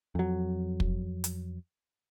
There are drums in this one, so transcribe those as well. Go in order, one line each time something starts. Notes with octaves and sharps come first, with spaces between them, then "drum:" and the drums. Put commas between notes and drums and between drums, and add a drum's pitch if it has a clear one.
F2 F#3
drum: kick
drum: hi-hat